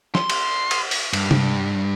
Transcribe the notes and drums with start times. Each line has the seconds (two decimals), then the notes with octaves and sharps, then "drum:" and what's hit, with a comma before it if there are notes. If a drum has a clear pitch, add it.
0.15 C6, drum: snare
0.30 drum: cymbal
0.71 drum: cymbal
0.91 drum: open hi-hat
1.13 G2, drum: cymbal
1.31 drum: tom C3